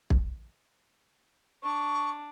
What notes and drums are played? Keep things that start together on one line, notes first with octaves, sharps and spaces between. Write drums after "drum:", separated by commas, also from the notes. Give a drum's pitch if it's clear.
drum: kick
D4 C#6